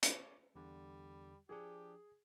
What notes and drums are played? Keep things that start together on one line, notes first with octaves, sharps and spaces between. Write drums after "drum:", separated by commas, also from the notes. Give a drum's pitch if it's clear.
C#5 D5, drum: hi-hat
E2 D3 G3
F3 D4 G4 G#4